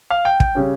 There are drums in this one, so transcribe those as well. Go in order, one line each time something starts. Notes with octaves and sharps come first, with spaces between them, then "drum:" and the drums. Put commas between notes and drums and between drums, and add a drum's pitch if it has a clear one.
F5
G5
G5, drum: kick
C#3 G3 C#4